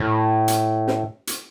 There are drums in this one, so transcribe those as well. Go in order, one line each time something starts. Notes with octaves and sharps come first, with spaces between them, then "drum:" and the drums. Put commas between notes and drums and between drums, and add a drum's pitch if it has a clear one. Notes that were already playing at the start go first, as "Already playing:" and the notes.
Already playing: A2
drum: hi-hat
drum: snare
drum: hi-hat